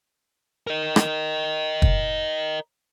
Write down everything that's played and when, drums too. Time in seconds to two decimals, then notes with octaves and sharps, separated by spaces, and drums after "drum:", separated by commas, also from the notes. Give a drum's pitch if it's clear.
0.67 A#4 D#5
0.96 drum: rim click
1.82 drum: kick